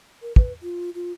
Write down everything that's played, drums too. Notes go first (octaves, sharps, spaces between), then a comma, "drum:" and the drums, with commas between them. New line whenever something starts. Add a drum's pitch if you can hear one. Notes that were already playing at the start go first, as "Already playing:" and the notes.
A#4
B4, drum: kick
F4
F4